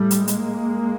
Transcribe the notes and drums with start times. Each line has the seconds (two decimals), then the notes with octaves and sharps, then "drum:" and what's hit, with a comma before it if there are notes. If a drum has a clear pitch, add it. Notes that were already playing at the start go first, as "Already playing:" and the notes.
Already playing: A2 G3 A3
0.11 drum: hi-hat
0.28 G#3 A#3, drum: hi-hat